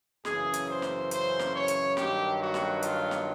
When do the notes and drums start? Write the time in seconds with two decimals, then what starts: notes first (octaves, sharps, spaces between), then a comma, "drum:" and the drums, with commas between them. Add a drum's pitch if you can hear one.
0.25 F#2 C#3 E3 G#4, drum: snare
0.54 drum: hi-hat
0.68 C5
0.82 drum: snare
1.11 C5, drum: hi-hat
1.39 drum: snare
1.54 C#5
1.68 drum: hi-hat
1.97 G2 D#3 F#3 G4, drum: snare
2.40 F#4
2.54 drum: snare
2.83 F4, drum: hi-hat
3.11 drum: snare